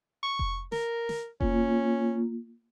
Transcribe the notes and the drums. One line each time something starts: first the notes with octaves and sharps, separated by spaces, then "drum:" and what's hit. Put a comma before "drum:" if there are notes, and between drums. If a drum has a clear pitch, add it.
C#6
drum: kick F1
A#4, drum: snare
drum: snare
A#3 C#4 F4, drum: kick F1